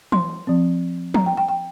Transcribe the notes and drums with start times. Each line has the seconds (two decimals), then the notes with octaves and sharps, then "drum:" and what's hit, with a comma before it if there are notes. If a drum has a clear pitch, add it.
0.12 C6, drum: tom E3
0.47 F3 C4
1.14 A#5, drum: tom F3
1.26 G5
1.37 G5
1.48 G5